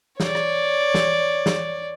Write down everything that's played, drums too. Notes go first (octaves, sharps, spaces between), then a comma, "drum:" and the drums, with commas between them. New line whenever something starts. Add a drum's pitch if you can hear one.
C#5 D5, drum: snare
drum: rim click
drum: snare
drum: snare